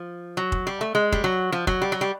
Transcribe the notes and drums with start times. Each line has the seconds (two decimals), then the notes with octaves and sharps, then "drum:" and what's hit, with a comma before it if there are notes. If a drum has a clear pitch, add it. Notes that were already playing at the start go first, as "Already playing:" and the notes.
Already playing: F3
0.37 F#3
0.52 drum: kick
0.67 G3
0.81 A3
0.95 G#3
1.12 G3, drum: kick
1.24 F#3
1.52 F3
1.67 F#3, drum: kick
1.82 G3
1.92 F#3
2.01 G3